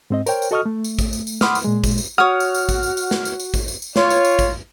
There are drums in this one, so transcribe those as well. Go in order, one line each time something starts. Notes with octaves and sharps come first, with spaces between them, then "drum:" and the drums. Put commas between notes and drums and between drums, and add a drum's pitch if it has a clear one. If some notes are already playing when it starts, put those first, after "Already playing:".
G#2 C4 D#5
A#4 C5 C#5 G5, drum: tambourine
drum: tambourine
F#4 A4 D#5 C#6 D#6 F6
A3
drum: tambourine
drum: kick, tambourine
drum: tambourine
drum: tambourine
F#5 B5 C6 D6 D#6 F6, drum: snare
drum: tambourine
A#2 G#3
drum: kick, tambourine
drum: tambourine
F#4 C#5 F#5 D#6 F6
drum: tambourine
drum: tambourine
drum: kick, tambourine
drum: tambourine
drum: tambourine
drum: snare
drum: tambourine
drum: tambourine
drum: kick, tambourine
drum: tambourine
drum: tambourine
F4 C#5, drum: snare
drum: tambourine
drum: tambourine
drum: kick, tambourine